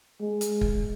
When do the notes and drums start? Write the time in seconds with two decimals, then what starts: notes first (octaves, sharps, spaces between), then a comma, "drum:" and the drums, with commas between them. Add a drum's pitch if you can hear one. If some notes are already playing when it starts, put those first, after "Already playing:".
0.20 G#3
0.41 drum: hi-hat
0.61 drum: kick